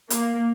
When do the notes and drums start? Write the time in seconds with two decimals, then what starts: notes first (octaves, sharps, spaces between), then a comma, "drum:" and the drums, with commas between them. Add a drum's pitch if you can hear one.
0.10 A#3, drum: hi-hat